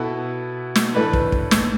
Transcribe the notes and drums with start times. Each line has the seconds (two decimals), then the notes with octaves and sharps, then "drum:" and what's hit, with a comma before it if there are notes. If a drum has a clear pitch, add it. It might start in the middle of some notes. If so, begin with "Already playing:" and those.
Already playing: B2 B3 E4 A4
0.75 drum: snare
0.94 A2 E3 D4 A4 B4
1.13 drum: kick
1.32 drum: kick
1.51 drum: snare